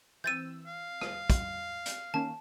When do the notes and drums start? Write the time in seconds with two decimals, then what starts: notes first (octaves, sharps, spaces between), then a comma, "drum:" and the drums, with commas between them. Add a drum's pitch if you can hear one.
0.24 E3 C4 E6 G6 A6 D#7
0.66 F5
1.01 drum: rim click
1.30 drum: kick, hi-hat
1.86 drum: hi-hat
2.14 D#3 A#3 C#4 A5